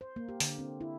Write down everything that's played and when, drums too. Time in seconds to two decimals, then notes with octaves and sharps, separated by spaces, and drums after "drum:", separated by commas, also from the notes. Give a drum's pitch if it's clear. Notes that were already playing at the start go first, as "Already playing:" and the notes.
0.01 C5
0.16 A#3
0.29 G4
0.40 D3, drum: open hi-hat
0.59 C4
0.81 E4